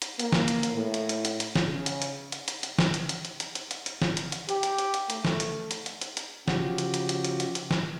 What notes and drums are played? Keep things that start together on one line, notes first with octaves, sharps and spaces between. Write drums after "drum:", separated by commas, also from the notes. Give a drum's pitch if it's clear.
drum: hi-hat
A#3, drum: hi-hat
drum: snare
drum: hi-hat
drum: hi-hat
A2
drum: hi-hat
drum: hi-hat
drum: hi-hat
drum: hi-hat
drum: snare
C#3
drum: hi-hat
drum: hi-hat
drum: hi-hat
drum: hi-hat
drum: hi-hat
drum: snare
drum: hi-hat
drum: hi-hat
drum: hi-hat
drum: hi-hat
drum: hi-hat
drum: hi-hat
drum: hi-hat
drum: snare
drum: hi-hat
drum: hi-hat
G4, drum: hi-hat
drum: hi-hat
drum: hi-hat
drum: hi-hat
A3, drum: hi-hat
drum: snare
drum: hi-hat
drum: hi-hat
drum: hi-hat
drum: hi-hat
drum: hi-hat
C#3 F3 F#4 G4, drum: snare
drum: hi-hat
drum: hi-hat
drum: hi-hat
drum: hi-hat
drum: hi-hat
drum: hi-hat
drum: snare